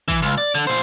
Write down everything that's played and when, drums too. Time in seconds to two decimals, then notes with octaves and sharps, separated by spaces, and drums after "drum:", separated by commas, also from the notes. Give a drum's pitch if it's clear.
0.08 E3, drum: kick
0.22 C#2
0.38 D5
0.55 D3
0.67 A#2 C5